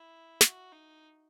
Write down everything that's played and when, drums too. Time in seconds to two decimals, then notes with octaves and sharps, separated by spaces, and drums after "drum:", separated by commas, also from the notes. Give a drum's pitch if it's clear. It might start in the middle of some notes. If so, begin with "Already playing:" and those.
Already playing: E4
0.41 F#4, drum: snare
0.72 D#4